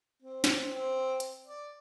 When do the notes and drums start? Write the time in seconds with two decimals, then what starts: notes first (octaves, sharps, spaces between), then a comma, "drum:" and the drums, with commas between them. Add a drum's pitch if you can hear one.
0.22 C4
0.44 drum: snare
0.73 C4
1.20 drum: hi-hat
1.47 D5